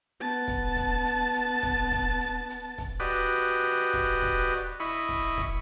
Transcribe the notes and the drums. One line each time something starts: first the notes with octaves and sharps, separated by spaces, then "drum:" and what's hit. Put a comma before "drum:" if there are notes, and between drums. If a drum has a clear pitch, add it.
B3 A5
drum: kick, hi-hat
drum: kick, hi-hat
drum: hi-hat
drum: hi-hat
drum: kick, hi-hat
drum: kick, hi-hat
drum: hi-hat
drum: hi-hat
drum: kick, hi-hat
F#4 G4 B4 D5 D#5
drum: hi-hat
drum: hi-hat
drum: kick, hi-hat
drum: kick, hi-hat
drum: hi-hat
E4 D#5 B5 C#6, drum: hi-hat
drum: kick, hi-hat
drum: kick, hi-hat